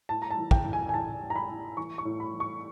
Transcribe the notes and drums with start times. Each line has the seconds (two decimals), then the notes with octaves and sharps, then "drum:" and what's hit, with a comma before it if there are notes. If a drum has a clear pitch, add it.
0.09 A2 A5
0.22 A#5
0.31 A5
0.38 E3
0.51 G5, drum: kick
0.65 E3
0.73 G#5
0.89 G#5
0.94 E3 A5
1.22 A2
1.30 A#5
1.36 B5
1.49 A2
1.77 E3 C#6
1.98 C#6
2.05 A2
2.20 B5
2.33 E3
2.40 C#6